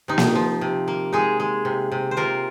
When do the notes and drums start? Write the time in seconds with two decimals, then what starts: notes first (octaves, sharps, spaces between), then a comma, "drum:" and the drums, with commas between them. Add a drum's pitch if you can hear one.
0.08 C3 D#4
0.18 drum: snare A#3
0.35 F3
0.61 C3
0.88 A#3
1.13 G#3 D#4 G#4
1.40 G#3
1.65 C3
1.92 C3
2.11 C5
2.17 C3 F4 A#4